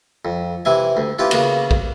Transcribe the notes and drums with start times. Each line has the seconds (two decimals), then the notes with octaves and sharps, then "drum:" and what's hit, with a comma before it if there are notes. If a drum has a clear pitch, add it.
0.25 F2
0.65 C3 E3 E4 G#5
0.97 D2
1.19 C#4 E4 F4 G4 B4
1.31 C#3 A#3 B3 F#4, drum: cymbal
1.71 drum: kick A#1